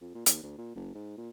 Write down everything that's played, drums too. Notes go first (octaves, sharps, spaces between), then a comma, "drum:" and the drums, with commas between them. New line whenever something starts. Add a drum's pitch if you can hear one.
F2
A#2
D#2, drum: hi-hat
D2
A#2
F#1
G#2
A#2